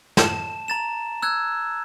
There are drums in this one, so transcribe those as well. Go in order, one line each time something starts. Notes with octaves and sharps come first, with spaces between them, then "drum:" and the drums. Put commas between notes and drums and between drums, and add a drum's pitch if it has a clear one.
A5 E7, drum: snare
A#5 A6 E7
E6 F#6 G#6